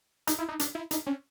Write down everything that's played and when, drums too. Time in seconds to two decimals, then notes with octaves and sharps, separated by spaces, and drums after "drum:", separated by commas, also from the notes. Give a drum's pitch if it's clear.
0.27 D#4, drum: hi-hat
0.39 E4
0.48 D#4
0.59 D4, drum: hi-hat
0.75 E4
0.91 D#4, drum: hi-hat
1.06 C#4